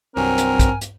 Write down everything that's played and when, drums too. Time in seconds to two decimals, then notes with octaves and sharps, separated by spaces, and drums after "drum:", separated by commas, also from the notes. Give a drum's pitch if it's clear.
0.16 C2 G2 F#3 C4 A#4 G#5
0.38 drum: hi-hat
0.59 drum: kick, hi-hat
0.81 drum: hi-hat